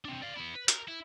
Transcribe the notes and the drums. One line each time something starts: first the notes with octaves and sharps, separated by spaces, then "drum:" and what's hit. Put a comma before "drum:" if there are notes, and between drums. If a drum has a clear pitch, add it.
C4 D4
D5 F5
B3 E4
B4
A#4, drum: hi-hat
E4